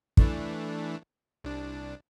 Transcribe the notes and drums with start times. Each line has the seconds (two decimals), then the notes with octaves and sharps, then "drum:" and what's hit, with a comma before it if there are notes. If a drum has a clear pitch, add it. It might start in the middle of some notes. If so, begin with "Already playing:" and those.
0.17 E3 A3 D4, drum: kick
1.44 C2 D4